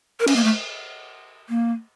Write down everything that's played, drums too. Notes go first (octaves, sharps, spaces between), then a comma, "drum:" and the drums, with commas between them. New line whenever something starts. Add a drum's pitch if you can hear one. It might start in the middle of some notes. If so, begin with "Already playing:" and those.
A#4
C#4, drum: cymbal
A#3
A3
A#3